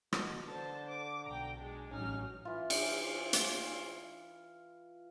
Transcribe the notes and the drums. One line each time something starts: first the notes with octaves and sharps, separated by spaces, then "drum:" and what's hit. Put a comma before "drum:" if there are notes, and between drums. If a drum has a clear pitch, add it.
B2, drum: rim click
D3 C5 A5
D6
B1 G5 A#5
G#3 D4
A1 F#3 C#4 D#4 F6
E3 F4
drum: cymbal
drum: hi-hat